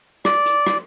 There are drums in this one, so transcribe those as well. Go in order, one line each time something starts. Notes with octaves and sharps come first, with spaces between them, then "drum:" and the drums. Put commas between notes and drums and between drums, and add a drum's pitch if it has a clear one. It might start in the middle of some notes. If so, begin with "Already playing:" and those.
D5, drum: rim click
drum: hi-hat
drum: rim click